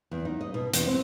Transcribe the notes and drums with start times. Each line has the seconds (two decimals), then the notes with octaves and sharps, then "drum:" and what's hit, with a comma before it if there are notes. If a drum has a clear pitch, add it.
0.11 E2
0.25 D#4
0.41 D#5
0.54 B2
0.74 E2, drum: hi-hat
0.87 C4